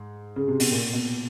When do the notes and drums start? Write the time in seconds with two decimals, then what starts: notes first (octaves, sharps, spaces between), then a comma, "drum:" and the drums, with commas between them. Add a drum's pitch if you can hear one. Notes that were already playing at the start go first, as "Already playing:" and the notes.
Already playing: G#2
0.36 C#3
0.48 C3
0.60 B2, drum: open hi-hat
0.72 A#2
0.93 B2